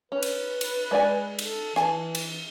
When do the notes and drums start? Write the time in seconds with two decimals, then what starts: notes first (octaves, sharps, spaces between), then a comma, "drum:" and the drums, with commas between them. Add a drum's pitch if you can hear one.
0.12 C#4 B4
0.23 drum: cymbal
0.61 drum: cymbal
0.91 G#3 D5 G#5
1.39 A4, drum: cymbal
1.76 E3 G#5 A5, drum: rim click
2.15 drum: cymbal